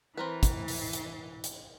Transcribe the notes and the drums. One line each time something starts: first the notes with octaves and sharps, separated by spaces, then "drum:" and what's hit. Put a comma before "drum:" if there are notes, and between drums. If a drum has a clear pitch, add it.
E3 C4 A#4 B4
drum: kick, hi-hat
drum: open hi-hat
drum: hi-hat
drum: hi-hat